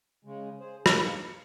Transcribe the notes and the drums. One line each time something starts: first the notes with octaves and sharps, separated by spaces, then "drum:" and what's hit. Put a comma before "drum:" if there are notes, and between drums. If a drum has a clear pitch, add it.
C#3 G#3
G#4 C5
G2 A#3 D#4, drum: rim click
F5 C#7